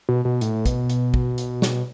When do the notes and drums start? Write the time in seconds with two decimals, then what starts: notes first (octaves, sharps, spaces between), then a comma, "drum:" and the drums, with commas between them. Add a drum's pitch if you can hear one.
0.09 B2
0.25 B2
0.41 A2, drum: hi-hat
0.66 B2, drum: kick, hi-hat
0.90 drum: hi-hat
1.14 drum: kick
1.38 drum: hi-hat
1.62 drum: snare